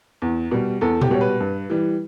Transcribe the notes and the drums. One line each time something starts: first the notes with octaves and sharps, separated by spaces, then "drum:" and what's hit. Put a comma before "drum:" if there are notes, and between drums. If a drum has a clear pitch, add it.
E2
B2 G3
E2 A4
G4, drum: tom A#2
B2 G3 C#5
B4
G2
E3 G3